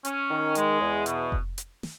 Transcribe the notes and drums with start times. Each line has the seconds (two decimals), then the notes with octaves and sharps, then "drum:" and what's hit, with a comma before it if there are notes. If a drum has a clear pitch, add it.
0.05 C#4, drum: hi-hat
0.30 D#3
0.55 G#3, drum: hi-hat
0.80 E2
1.06 B2, drum: hi-hat
1.32 drum: kick F1
1.58 drum: hi-hat
1.83 drum: snare